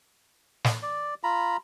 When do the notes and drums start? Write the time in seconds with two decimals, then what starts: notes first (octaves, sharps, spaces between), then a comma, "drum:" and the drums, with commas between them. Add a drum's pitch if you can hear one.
0.64 drum: snare
0.83 D5
1.23 F4 A#5 B5